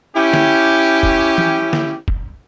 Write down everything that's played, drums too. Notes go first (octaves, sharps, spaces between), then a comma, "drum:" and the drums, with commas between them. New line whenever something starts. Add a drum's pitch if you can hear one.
C#4 E4 G4
drum: snare
drum: kick
drum: tom E3
drum: snare
drum: kick